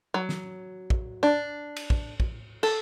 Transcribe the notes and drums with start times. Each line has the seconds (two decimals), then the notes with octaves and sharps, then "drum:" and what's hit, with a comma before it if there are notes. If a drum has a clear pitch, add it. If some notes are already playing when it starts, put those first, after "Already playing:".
0.14 F#3
0.29 drum: snare
0.90 drum: kick
1.23 D4
1.76 drum: cymbal
1.90 drum: kick
2.20 drum: kick
2.63 A4, drum: cymbal